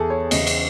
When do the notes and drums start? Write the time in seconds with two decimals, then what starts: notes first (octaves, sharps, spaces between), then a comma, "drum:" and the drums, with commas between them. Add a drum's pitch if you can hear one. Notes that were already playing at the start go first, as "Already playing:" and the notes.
Already playing: E2 E3 G#4 A4
0.10 C#5
0.31 E2 C#3 E3 D#5, drum: cymbal
0.47 drum: cymbal